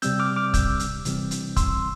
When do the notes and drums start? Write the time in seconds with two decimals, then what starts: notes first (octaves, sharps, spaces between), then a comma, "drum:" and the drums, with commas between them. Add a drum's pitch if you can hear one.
0.02 C3 G3 C4 E6 G6, drum: hi-hat
0.20 D6 F6
0.36 D6 F6
0.54 E6 G6, drum: kick, hi-hat
0.80 drum: hi-hat
1.05 C3 E3 G3 C4, drum: hi-hat
1.31 drum: hi-hat
1.56 C6 E6, drum: kick, hi-hat